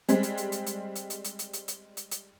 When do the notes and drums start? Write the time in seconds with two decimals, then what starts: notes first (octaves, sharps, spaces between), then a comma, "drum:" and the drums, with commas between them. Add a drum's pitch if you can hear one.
0.08 G3 G#3 C4, drum: hi-hat
0.23 drum: hi-hat
0.37 drum: hi-hat
0.52 drum: hi-hat
0.66 drum: hi-hat
0.95 drum: hi-hat
1.10 drum: hi-hat
1.24 drum: hi-hat
1.39 drum: hi-hat
1.53 drum: hi-hat
1.68 drum: hi-hat
1.97 drum: hi-hat
2.11 drum: hi-hat